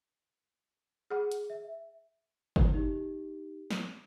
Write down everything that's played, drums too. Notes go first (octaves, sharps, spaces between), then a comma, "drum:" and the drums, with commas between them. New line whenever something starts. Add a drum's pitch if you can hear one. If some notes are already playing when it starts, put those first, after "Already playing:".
G#4 F#5
drum: hi-hat
E5
drum: kick G1
D#4 G4
drum: snare